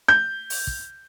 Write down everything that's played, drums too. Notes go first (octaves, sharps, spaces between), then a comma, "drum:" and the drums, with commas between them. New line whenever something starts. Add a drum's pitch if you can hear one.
G6
drum: open hi-hat
drum: kick